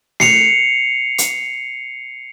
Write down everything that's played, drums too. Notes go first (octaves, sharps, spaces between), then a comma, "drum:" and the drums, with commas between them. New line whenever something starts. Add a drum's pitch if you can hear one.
C7 C#7 F7, drum: snare A3
drum: hi-hat